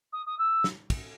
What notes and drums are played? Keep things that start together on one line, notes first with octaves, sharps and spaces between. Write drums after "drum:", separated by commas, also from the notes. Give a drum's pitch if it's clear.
D#6
D#6
E6
drum: snare
drum: kick, cymbal